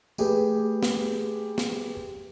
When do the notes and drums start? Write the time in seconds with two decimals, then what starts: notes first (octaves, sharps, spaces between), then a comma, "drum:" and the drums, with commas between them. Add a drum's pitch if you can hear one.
0.18 A3 G4 G#4 B4, drum: tambourine
0.83 drum: snare
1.58 drum: snare